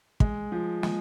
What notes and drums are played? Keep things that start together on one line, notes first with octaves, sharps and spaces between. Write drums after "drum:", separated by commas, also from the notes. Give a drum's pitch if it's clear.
G#3, drum: kick
F3
G#3, drum: snare